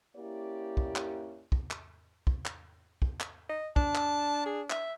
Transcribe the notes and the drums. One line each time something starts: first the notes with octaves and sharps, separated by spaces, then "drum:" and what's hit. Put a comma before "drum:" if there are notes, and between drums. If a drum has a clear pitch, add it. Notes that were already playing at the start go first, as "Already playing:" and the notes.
A#3 C#4 E4 G4 D5
drum: kick
drum: clap
drum: kick
drum: clap
drum: kick
drum: clap
drum: kick
drum: clap
D#5
D4 A5, drum: kick
drum: clap
G#4
E5, drum: clap